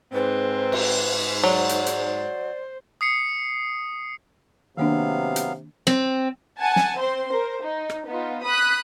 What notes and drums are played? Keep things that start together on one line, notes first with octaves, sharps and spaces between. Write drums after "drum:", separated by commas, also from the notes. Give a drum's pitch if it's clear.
G#2 C4 B4
drum: cymbal
F#3 C5 D5
drum: hi-hat
drum: hi-hat
D#6 C7 C#7
C3 D#3 F#3 A#3 B3 D4 F5
drum: hi-hat
C4, drum: snare
F#5 G#5 A5
drum: snare
C4 C5 C6
A#4 C5
D#4
drum: rim click
B3 D#4 F4
B5 D#6 F#6 B6